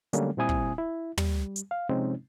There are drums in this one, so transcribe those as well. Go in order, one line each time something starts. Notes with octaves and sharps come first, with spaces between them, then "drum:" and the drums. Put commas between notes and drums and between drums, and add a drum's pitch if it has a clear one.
D3 F#3 G3 A3 A#3 C#4, drum: hi-hat
A#2 G3 C4 E4 G#5 D#6
drum: kick
E4
G3, drum: tom
drum: hi-hat
F5
C3 F3 G#3 C4 C#4 D#4